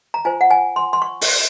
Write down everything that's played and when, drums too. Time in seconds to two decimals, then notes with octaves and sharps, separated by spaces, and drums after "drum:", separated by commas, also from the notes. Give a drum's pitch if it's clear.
0.14 A#5
0.25 F4 C5 G#5
0.41 F#5
0.50 G#5
0.76 C6
0.93 C6
1.02 C#6
1.21 drum: open hi-hat